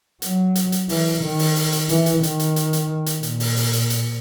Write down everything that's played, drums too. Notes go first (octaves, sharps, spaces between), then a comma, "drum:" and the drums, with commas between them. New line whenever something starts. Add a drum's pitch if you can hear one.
F#3, drum: hi-hat
drum: hi-hat
drum: hi-hat
E3, drum: open hi-hat
D#3
drum: open hi-hat
drum: open hi-hat
drum: hi-hat
E3, drum: hi-hat
drum: hi-hat
D#3, drum: hi-hat
drum: hi-hat
drum: hi-hat
drum: hi-hat
drum: hi-hat
A#2, drum: hi-hat
drum: open hi-hat
drum: open hi-hat
drum: hi-hat
drum: hi-hat